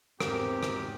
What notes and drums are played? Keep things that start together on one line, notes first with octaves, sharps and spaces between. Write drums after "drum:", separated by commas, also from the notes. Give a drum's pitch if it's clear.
E2 G#2 C4 G4 A#4, drum: rim click
drum: rim click